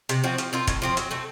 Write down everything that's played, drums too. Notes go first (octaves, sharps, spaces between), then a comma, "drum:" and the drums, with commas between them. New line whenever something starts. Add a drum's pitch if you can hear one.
C3, drum: hi-hat
F3 C4 F#4
F3, drum: hi-hat
C4 F4 A#4
A2, drum: kick, hi-hat
F3 C4 F4
F#3, drum: hi-hat
A3 C4